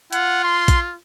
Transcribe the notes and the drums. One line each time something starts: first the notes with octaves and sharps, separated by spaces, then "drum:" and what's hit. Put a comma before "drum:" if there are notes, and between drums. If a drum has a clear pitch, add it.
F4 F#5, drum: hi-hat
C6
drum: kick, hi-hat